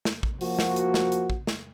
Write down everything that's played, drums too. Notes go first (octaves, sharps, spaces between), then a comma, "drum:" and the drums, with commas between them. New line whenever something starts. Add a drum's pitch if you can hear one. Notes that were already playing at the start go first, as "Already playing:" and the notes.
drum: snare
drum: kick
F3 A#3 F#4, drum: open hi-hat
drum: snare
drum: hi-hat
drum: snare
drum: hi-hat
drum: kick
drum: snare